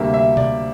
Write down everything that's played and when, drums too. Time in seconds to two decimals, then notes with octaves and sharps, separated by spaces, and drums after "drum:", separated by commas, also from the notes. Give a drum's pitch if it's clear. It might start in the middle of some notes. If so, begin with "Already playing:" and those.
Already playing: D2 C3 G3 A#3 E5
0.14 E5
0.37 D5, drum: tom A#2